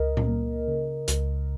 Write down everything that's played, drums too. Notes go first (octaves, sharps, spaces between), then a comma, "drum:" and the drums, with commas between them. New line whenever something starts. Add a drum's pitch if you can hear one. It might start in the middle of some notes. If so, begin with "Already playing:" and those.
Already playing: C#2 A#4 D#5
drum: tom A#2
A#3
C#3
C#2, drum: hi-hat